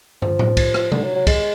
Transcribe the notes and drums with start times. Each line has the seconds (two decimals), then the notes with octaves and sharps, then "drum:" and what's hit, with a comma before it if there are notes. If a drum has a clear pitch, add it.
0.22 F3, drum: tom
0.39 drum: tom A2
0.57 drum: kick, cymbal
0.74 drum: rim click
0.92 D3, drum: tom C3
1.04 F#3
1.15 F#3
1.27 G#3, drum: kick, cymbal